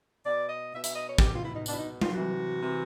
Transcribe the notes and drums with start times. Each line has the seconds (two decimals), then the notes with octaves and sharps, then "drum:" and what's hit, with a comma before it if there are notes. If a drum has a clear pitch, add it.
0.24 B2 D5
0.48 D#5
0.72 B2 E5
0.84 E5, drum: hi-hat
0.95 D#5
1.08 C#5
1.18 B2 G4, drum: kick
1.32 F4
1.43 E4
1.55 D#4
1.66 B2 D4, drum: tambourine
1.72 E4
1.78 D#4
2.01 F4, drum: tom F#3
2.14 C3 E3 F#4
2.61 C3 E3